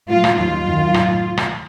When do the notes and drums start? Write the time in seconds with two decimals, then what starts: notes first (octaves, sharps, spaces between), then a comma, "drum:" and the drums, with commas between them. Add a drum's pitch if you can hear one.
0.09 A2 F#3 F4
0.24 drum: rim click
0.38 D#2 D#3 F#3 F4
0.67 F#2 D#3 F#3
0.94 A2, drum: rim click
1.37 drum: rim click